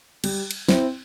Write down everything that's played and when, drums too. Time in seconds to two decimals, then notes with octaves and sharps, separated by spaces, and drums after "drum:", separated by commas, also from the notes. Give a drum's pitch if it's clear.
0.24 G3, drum: cymbal
0.51 drum: cymbal
0.69 C4 E4, drum: snare